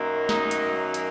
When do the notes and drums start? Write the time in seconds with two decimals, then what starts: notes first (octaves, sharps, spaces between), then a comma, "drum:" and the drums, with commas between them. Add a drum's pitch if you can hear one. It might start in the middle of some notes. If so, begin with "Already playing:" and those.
Already playing: F#2 D#3 F#3 A#3
0.29 D#4, drum: snare
0.51 drum: hi-hat
0.94 drum: hi-hat